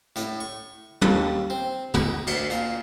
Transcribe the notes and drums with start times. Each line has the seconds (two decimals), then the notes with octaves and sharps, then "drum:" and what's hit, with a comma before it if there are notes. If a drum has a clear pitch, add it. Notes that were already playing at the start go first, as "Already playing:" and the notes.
0.16 A2, drum: hi-hat
0.40 C#6
1.02 D#2, drum: tom
1.50 C4
1.94 D#4, drum: tom
2.27 D2, drum: cymbal
2.50 A#2, drum: hi-hat